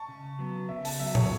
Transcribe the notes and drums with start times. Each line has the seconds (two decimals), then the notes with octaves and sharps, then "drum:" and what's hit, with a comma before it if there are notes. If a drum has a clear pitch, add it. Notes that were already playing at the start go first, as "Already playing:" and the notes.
Already playing: A5 C#6
0.08 C#3
0.39 F#3 B3
0.69 C#3 E5
0.85 A5, drum: open hi-hat
1.00 F#3 B3 F#4 E5
1.15 C#5, drum: tom A#2